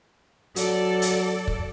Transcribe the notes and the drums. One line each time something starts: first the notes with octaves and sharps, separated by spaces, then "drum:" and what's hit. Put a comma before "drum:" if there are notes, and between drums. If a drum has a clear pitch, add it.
F#3 A4 D5, drum: hi-hat
drum: hi-hat
drum: kick